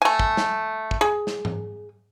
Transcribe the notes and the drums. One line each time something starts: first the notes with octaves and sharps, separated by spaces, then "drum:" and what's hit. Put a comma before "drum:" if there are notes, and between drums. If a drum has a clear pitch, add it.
A3 G#5
drum: kick
drum: snare
drum: kick
G#4
drum: snare
drum: tom G#2